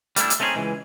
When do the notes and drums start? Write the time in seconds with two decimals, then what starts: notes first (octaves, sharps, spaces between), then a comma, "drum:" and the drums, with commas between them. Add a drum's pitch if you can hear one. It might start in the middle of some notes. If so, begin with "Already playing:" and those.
0.16 G3 A3 D4 E4, drum: hi-hat
0.30 drum: hi-hat
0.40 A3 C4 C#4 D#4 G4 G#4
0.54 C#2 E3 G#3